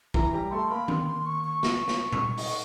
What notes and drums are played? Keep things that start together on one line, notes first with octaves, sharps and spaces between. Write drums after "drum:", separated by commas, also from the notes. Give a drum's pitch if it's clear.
E3 E4 A#5, drum: kick
G3 G4 A#5
A3 A4 C6
A#3 A#4 B5
C6, drum: tom D#3
C6
C#6
C#6
drum: snare
drum: snare
drum: tom A#2
D#4 D#5, drum: open hi-hat